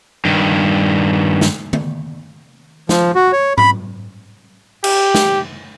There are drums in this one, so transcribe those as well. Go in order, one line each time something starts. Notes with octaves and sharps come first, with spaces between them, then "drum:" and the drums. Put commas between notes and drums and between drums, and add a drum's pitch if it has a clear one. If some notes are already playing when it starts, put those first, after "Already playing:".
G2 D#3
drum: snare
drum: tom
F3, drum: snare
F#4
C#5
B5, drum: tom G#2
G4, drum: cymbal
drum: snare